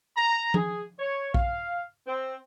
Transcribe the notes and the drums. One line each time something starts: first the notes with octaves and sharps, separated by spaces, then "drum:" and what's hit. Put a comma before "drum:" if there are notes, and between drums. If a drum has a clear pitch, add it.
A#5
G#4, drum: tom F3
C#5
F5, drum: kick A#1
C4